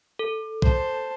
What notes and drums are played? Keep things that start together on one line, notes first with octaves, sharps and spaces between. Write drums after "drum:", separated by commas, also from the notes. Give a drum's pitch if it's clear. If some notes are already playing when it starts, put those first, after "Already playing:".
A4
C5 A5, drum: kick